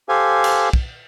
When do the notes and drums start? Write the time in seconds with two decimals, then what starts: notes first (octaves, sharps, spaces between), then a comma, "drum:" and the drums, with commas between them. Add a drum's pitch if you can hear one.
0.09 G4 A4 C5 F5 G#5
0.44 drum: cymbal
0.73 drum: kick